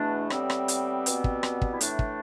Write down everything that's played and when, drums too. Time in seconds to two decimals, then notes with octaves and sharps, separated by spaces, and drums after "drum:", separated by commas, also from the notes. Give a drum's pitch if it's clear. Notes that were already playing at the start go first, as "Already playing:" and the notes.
Already playing: E2 B2 A3 D4
0.30 A2 G3 B3 C4, drum: rim click
0.50 drum: rim click
0.68 drum: hi-hat
1.06 B2 G3 B3, drum: hi-hat
1.24 drum: kick
1.43 drum: rim click
1.62 drum: kick
1.73 E4
1.81 A2 E3 A3 D4, drum: hi-hat
1.99 drum: kick